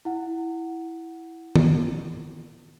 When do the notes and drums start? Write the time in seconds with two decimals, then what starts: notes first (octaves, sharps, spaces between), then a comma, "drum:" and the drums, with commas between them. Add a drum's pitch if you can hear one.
0.05 E4 F#5
1.56 drum: tom